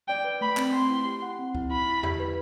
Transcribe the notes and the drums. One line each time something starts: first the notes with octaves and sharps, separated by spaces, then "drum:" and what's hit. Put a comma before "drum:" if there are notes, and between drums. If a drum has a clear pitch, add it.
D5 G5
B4
A3 B5
C4, drum: clap
G5 C6
E4
G4
F#5
C4
E4, drum: kick C#2
E4 B5
E4
G4, drum: tom E2
B4